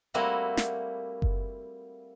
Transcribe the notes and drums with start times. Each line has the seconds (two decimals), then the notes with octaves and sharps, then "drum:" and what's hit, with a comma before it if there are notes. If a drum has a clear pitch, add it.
0.14 G3 A3 A#3 C4 E4 F#4
0.57 drum: snare
1.22 drum: kick F#1